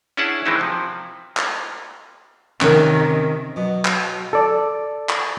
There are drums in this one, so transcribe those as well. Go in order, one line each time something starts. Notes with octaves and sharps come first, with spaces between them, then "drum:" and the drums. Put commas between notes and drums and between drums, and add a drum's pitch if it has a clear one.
C#4 D4 E4 G#4 F#5 A5
D#3 E3 G#3 C4 D#4 E4
C3 F3
drum: clap
C3 D#3 C#4 A#4, drum: clap
B2 F#3
drum: clap
A4 D5
drum: clap